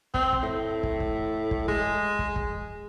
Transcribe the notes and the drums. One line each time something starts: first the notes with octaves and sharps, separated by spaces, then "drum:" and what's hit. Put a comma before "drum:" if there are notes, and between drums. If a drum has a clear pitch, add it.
C4, drum: kick
drum: kick
A2
drum: kick
drum: kick
drum: kick
G#3, drum: kick
drum: kick
drum: kick